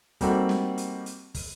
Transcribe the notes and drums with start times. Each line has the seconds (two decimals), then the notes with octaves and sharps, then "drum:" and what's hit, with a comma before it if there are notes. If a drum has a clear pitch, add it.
0.21 G3 A#3 C4 D#4 F#4 A4, drum: kick, hi-hat
0.49 drum: snare
0.78 drum: hi-hat
1.06 drum: hi-hat
1.34 drum: kick, open hi-hat